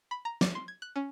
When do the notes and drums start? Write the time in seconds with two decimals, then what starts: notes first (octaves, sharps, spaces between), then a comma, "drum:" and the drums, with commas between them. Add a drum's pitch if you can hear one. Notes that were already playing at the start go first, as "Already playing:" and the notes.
0.11 B5
0.25 A#5
0.41 D5, drum: snare
0.55 C6
0.68 G#6
0.82 F#6
0.96 C#4